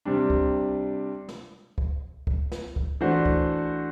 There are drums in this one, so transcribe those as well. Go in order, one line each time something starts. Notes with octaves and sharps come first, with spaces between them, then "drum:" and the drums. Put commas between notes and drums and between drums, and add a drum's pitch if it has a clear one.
C3 G3 D4
drum: kick
drum: snare
drum: kick
drum: kick
drum: snare
drum: kick
E3 A3 D4 F#4 C5
drum: kick